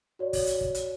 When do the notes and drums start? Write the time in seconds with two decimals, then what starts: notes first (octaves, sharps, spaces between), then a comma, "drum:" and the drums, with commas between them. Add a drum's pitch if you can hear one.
0.19 F#4 C#5 D5
0.33 drum: kick, open hi-hat
0.47 drum: hi-hat
0.61 drum: kick
0.75 drum: hi-hat